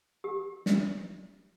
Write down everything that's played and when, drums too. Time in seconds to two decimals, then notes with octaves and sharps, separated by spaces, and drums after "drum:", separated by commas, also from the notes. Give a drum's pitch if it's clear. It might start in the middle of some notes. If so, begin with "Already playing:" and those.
0.24 G4
0.66 drum: snare